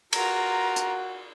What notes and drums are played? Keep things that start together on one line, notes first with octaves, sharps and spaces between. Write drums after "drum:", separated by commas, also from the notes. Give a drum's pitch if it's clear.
F4 F#4 A#4 A#5, drum: cymbal
drum: hi-hat